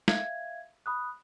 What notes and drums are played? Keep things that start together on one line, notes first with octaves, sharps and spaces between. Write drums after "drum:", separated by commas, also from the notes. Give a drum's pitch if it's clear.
E5 F5 G#6, drum: snare
B5 D#6 F#6